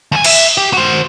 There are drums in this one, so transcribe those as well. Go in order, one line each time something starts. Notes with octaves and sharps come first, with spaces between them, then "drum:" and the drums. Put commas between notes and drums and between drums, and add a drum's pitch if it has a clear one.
D#2 G#5
E5, drum: cymbal
G4
F#4 C5